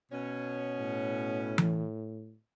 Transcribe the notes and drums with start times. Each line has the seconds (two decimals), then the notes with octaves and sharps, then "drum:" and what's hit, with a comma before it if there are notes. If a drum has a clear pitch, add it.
0.11 B2 C#4
0.79 A2
1.58 drum: tom E3